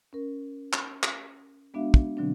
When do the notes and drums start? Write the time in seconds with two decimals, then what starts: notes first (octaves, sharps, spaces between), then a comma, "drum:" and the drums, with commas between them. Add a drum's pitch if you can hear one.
0.13 C#4 A#4
0.73 drum: clap
1.03 drum: clap
1.74 G#3 B3 D4 F#4 E5 F5
1.94 drum: kick
2.17 B2 D3 F#3 C4 D4